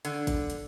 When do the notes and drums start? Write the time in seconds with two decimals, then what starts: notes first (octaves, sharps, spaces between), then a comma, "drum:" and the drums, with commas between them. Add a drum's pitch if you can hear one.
0.05 D3, drum: hi-hat
0.27 drum: kick, hi-hat
0.50 drum: hi-hat